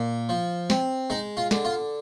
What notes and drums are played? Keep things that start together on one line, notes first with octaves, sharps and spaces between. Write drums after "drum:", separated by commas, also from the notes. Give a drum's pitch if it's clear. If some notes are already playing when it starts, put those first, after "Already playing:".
Already playing: A#2
F3
C4, drum: snare
G#3 D#4
F4
D3, drum: snare
F4